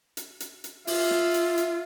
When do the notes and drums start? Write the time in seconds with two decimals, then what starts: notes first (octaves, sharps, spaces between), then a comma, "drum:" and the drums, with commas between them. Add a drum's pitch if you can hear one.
0.17 drum: hi-hat
0.40 drum: hi-hat
0.64 drum: hi-hat
0.87 F4 E5, drum: open hi-hat
1.11 drum: snare
1.34 drum: hi-hat
1.58 drum: hi-hat